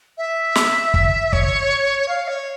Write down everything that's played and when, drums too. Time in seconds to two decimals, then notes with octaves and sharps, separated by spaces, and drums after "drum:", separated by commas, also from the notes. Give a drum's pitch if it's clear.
0.18 E5
0.55 drum: snare
0.94 drum: kick
1.33 C#5, drum: kick
2.08 F5
2.28 C#5